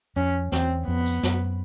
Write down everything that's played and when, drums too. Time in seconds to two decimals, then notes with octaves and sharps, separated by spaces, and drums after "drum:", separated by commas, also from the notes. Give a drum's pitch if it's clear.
0.16 F2 C#4
0.52 E2 C4, drum: snare
0.88 F2 B3
1.06 drum: tambourine
1.23 F#2, drum: snare